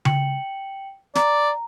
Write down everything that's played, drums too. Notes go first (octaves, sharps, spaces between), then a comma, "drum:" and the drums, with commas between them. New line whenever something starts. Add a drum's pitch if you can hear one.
G5 C#7 F#7, drum: tom C#3
D5 A#5, drum: snare